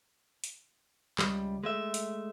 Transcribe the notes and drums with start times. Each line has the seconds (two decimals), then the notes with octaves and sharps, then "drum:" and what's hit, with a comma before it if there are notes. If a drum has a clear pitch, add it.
0.44 drum: hi-hat
1.19 C#2 G3, drum: clap
1.64 G#3 A3 E5
1.94 drum: hi-hat